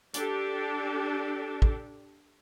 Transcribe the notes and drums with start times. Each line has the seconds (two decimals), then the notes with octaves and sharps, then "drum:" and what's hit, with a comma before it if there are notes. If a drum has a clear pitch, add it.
0.14 D4 G4 A4, drum: hi-hat
1.62 drum: kick